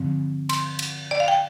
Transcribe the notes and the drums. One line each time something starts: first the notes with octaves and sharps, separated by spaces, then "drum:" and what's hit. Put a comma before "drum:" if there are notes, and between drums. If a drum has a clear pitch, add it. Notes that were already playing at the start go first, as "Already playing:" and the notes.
Already playing: G2 D3 F3 C4
C6, drum: cymbal
drum: cymbal
D5
F5
G5